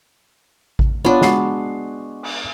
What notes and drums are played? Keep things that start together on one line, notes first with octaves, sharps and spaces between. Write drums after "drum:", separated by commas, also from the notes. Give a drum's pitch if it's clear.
drum: kick A1
B3 D4 F4 C#5
G#3 F#4 C7, drum: snare
drum: cymbal